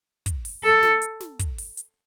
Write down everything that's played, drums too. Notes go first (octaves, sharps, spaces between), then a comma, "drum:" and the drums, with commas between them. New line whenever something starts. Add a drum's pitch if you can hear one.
drum: kick, hi-hat
drum: open hi-hat
A4
drum: snare
drum: hi-hat
drum: snare
drum: kick, hi-hat
drum: open hi-hat
drum: hi-hat